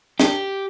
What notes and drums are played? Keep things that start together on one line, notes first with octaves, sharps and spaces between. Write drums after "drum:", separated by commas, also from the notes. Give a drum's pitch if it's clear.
G4, drum: snare